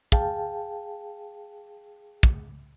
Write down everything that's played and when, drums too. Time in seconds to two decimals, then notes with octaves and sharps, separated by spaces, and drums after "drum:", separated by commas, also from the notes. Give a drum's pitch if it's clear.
0.12 G#4 F5 G5 A5, drum: kick
2.23 drum: kick